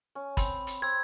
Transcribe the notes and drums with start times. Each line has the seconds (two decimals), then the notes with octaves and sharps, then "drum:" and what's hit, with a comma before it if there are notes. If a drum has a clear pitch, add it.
0.15 C#4
0.37 C4 B5, drum: kick, hi-hat
0.67 drum: hi-hat
0.82 C4 E6 G#6